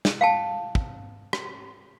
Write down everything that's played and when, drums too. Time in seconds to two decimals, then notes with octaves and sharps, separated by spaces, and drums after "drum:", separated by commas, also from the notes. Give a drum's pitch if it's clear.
0.05 drum: snare
0.21 F5 G5 A5
0.75 drum: kick
1.33 drum: rim click